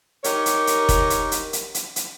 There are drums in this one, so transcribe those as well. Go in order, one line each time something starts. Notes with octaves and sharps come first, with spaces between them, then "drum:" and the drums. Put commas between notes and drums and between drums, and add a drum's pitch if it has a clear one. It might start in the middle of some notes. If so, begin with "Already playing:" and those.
D#4 G4 A#4 C#5, drum: hi-hat
drum: hi-hat
drum: hi-hat
drum: kick F1, hi-hat
drum: hi-hat
drum: hi-hat
drum: hi-hat
drum: hi-hat
drum: hi-hat